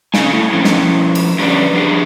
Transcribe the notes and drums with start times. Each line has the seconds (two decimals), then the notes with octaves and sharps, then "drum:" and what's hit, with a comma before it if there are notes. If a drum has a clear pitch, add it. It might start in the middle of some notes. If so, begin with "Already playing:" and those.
0.14 C#4 A4 F5 G#5, drum: snare
0.33 A3 E4
0.53 F3 C#4 E4
0.64 drum: snare
1.15 drum: cymbal
1.39 D3 G3 C#4 G4 B4 D5
1.74 F3 D4 G4 G#4